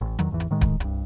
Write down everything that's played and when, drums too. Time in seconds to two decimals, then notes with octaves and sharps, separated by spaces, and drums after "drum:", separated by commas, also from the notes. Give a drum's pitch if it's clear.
0.01 A1
0.19 E2 D#3 F#3, drum: hi-hat
0.31 G#1 E2 E3
0.40 drum: hi-hat
0.51 A2 D#3 G#3
0.61 drum: kick D1, hi-hat
0.80 C2 G2, drum: hi-hat